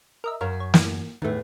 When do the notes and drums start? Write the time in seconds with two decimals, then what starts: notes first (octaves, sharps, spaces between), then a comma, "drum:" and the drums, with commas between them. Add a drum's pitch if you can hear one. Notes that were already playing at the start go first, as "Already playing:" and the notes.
0.24 A#4 D#5 E5
0.41 F#2 A#4 C#5 F5
0.60 C#5
0.74 A2 E3, drum: snare
1.22 E2 A2 D#3 A3